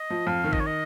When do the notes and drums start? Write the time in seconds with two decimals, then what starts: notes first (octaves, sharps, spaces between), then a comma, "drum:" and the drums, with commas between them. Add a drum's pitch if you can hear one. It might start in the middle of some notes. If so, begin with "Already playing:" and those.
Already playing: D#5
0.10 F3
0.27 F2 F5
0.44 D#3
0.53 D#5, drum: kick
0.60 C#5
0.67 D#5